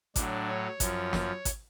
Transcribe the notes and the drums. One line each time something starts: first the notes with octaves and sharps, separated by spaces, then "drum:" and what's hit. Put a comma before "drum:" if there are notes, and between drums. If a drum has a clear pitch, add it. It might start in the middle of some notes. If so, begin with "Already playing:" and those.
A2 F#3 D4, drum: kick G#1, hi-hat
C#5
F#2 F3, drum: kick G#1, hi-hat
drum: snare
drum: kick G#1, hi-hat